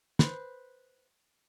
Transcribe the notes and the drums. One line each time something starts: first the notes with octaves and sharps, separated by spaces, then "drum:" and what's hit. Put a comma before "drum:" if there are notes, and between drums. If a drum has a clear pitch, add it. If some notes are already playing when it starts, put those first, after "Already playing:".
B4 C5, drum: snare